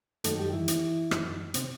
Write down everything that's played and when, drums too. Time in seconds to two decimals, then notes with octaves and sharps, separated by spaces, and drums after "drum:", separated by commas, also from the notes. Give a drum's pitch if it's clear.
0.24 F#2 D#3 A3 A4, drum: hi-hat
0.39 G3 G4
0.53 E3 E4
0.68 drum: hi-hat
1.11 F#2 D#3, drum: rim click
1.54 C3 C4, drum: hi-hat